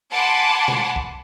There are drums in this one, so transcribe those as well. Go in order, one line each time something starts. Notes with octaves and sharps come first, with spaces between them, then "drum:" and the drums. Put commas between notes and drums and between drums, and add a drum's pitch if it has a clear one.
F#5 G#5 A5 B5 C6 D6
drum: tom B2
drum: kick